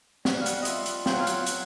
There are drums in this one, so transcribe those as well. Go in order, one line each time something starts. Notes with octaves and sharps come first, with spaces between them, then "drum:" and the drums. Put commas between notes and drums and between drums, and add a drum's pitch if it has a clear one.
G3 F#5, drum: snare
F5
F#5, drum: hi-hat
D#5
F4 E5, drum: hi-hat
drum: hi-hat
F#3 G5, drum: snare
F#5
F5
F#5, drum: hi-hat
F#3, drum: hi-hat